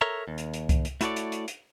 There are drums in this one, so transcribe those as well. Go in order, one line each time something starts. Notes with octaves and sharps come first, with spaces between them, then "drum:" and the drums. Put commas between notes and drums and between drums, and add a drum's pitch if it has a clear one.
A4 A#4 C#5 E5 A#5
D#2
drum: hi-hat
drum: hi-hat
drum: kick C2, hi-hat
drum: hi-hat
A3 E4 F#4 A4 C#5 D5, drum: hi-hat
drum: hi-hat
drum: hi-hat
drum: hi-hat